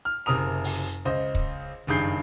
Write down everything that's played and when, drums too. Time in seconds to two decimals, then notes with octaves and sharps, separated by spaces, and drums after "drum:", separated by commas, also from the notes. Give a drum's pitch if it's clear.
0.05 F6
0.26 F#1 C3 A#4 D#6 F7
0.64 drum: open hi-hat
1.05 C#2 C5 D#5
1.35 drum: kick
1.87 F#1 G2 D#3 G#4 G6 C7